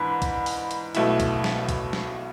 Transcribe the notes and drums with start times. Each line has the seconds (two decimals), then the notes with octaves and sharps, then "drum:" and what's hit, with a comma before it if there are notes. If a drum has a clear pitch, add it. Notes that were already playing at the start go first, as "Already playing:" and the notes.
Already playing: G#2 E3 D4 B5
0.22 drum: kick, hi-hat
0.46 drum: open hi-hat
0.71 drum: hi-hat
0.95 B1 B2 A3 E4, drum: hi-hat
1.20 drum: kick, hi-hat
1.44 drum: snare
1.69 drum: kick, hi-hat
1.93 drum: snare